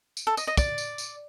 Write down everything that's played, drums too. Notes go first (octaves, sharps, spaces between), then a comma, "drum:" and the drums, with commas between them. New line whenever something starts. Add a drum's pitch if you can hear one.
drum: tambourine
A4
D#5, drum: tambourine
D#5
D5, drum: kick, tambourine
drum: tambourine
drum: tambourine